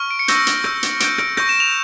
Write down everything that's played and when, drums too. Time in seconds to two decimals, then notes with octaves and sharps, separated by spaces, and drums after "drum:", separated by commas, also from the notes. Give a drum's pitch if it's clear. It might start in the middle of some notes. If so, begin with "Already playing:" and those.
Already playing: C#6 F6
0.11 D7
0.19 C#7
0.28 C#6 E6 G6 A#6, drum: hi-hat
0.47 drum: hi-hat
0.64 C#6 E6 G6, drum: rim click
0.83 drum: hi-hat
1.00 C#6 G6 D7, drum: hi-hat
1.18 D7, drum: rim click
1.37 C#6 G6 A#6, drum: rim click
1.49 E7
1.60 F7